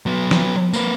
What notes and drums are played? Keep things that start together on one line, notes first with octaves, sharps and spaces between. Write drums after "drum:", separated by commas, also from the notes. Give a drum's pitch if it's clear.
F#3 B3
drum: snare
A#3 B4, drum: tambourine